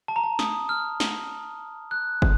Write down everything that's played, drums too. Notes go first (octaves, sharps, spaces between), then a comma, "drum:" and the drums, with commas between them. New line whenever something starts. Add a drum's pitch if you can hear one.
A5
A#5
A5
D#6, drum: snare
F6
drum: snare
F#6
drum: kick